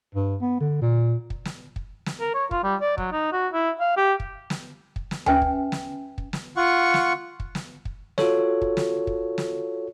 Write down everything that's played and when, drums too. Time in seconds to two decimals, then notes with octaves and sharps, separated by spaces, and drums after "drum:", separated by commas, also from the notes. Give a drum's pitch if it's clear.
0.15 G2
0.41 B3
0.60 D3
0.81 A#2
1.30 drum: kick
1.45 drum: snare
1.76 drum: kick
2.06 drum: snare
2.20 A#4
2.34 C#5
2.51 F4, drum: kick
2.63 G3
2.81 D5
2.98 F#3, drum: kick
3.12 D#4
3.32 F#4
3.53 E4
3.80 F5
3.97 G4
4.20 drum: kick
4.50 drum: snare
4.96 drum: kick
5.11 drum: snare
5.26 C#4 B4 E5 G5 G#5, drum: tom D2
5.42 drum: kick
5.72 drum: snare
6.18 drum: kick
6.33 drum: snare
6.57 F4 F#5 C#6
6.94 drum: snare
7.40 drum: kick
7.55 drum: snare
7.85 drum: kick
8.18 F4 F#4 A4 C#5, drum: snare
8.62 drum: kick
8.77 drum: snare
9.07 drum: kick
9.38 drum: snare